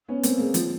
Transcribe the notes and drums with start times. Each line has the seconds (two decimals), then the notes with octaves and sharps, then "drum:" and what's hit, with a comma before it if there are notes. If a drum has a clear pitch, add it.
0.08 B3 C#4
0.23 A#3 C4, drum: hi-hat
0.38 G#3 A#3
0.54 F3, drum: hi-hat